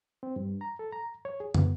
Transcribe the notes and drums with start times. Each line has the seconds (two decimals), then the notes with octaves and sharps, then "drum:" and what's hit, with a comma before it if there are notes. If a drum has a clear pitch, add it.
0.23 C4
0.36 G2
0.61 A#5
0.79 A4
0.92 A#5
1.25 C#5
1.40 G#4
1.54 B3, drum: tom